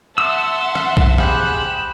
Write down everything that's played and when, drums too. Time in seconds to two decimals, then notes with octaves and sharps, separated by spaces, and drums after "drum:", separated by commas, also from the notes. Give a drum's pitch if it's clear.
0.18 E5 F#5 A5 C6 E6
0.75 drum: rim click
0.97 drum: kick
1.18 G4 G#4 C5 B5 F#6, drum: rim click